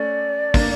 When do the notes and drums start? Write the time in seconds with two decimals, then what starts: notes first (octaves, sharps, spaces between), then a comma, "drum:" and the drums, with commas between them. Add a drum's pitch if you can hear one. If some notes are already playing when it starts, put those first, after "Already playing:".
Already playing: A3 C#4 D5
0.54 A#3 D4, drum: kick, open hi-hat